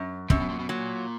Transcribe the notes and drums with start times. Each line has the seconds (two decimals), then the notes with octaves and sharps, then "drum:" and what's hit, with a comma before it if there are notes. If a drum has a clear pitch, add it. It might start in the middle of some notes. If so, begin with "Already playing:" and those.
Already playing: F#2
0.30 F#2 C3, drum: kick
0.40 B2
0.49 A#2
0.59 B2
0.69 A#2 F#3